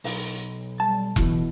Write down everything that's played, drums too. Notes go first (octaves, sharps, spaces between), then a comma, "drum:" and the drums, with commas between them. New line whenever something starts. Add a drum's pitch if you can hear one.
B1, drum: open hi-hat
G3 A5
B2 E3 E4, drum: kick E1